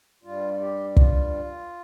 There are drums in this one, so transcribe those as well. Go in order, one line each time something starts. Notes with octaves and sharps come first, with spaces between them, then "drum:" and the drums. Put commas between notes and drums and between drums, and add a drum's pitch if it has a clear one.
G2 G3 F4
G4
F4, drum: kick